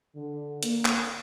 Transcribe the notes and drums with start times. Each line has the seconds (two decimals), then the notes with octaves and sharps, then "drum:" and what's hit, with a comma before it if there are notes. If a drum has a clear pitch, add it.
0.15 D3
0.63 A#3, drum: hi-hat
0.85 drum: clap